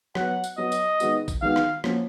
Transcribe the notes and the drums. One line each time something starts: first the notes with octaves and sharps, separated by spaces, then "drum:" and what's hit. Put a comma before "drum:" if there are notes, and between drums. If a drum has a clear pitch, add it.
F#3 B3 F#4 F#5, drum: rim click
drum: tambourine
F#3 B3 F#4 D#5
drum: tambourine
D#3 G#3 B3 F#4, drum: tambourine
drum: kick, tambourine
D#3 G#3 B3 F#4 F5
drum: rim click
F3 A#3 C#4 F#4, drum: rim click